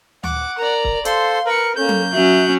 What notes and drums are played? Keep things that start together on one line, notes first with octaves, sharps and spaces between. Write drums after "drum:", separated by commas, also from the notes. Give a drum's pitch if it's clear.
F#5 D6, drum: tom D2
A#4 D5 A#5
drum: kick
A4 C5 F5 C6, drum: hi-hat
A#4 B4 C#7
A#3 C#4 A4 G6
drum: tom F#3
F#3 C#4 E5 F#6